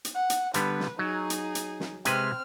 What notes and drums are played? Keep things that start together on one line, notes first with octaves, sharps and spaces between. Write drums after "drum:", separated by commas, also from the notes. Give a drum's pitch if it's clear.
drum: hi-hat
F#5
drum: hi-hat
D3 G3 B3 B4, drum: hi-hat
drum: snare
F#3 D#4 G#4
drum: hi-hat
drum: hi-hat
drum: snare
C3 G#3 C4 B4 F6, drum: hi-hat